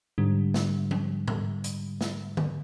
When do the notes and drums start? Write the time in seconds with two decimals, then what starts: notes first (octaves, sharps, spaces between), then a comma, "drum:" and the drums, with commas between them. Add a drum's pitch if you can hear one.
0.18 G#2 D3 G3
0.54 drum: snare
0.91 drum: tom F3
1.28 drum: tom G#2
1.64 drum: hi-hat
2.01 drum: snare
2.37 drum: tom D3